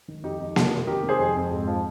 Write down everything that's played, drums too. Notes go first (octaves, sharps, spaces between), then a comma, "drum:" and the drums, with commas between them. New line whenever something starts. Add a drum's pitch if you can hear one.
D#3
F2 D#4 G4
F2
D#3, drum: snare A#3
C3
D#3 G4 A#4
C3
G#4 C5
F2
F2
G#2
F3